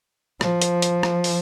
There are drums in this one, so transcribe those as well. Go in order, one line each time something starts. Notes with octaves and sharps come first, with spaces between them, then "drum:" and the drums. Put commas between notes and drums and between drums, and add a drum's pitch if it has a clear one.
F3, drum: rim click
drum: hi-hat
drum: hi-hat
drum: rim click
drum: open hi-hat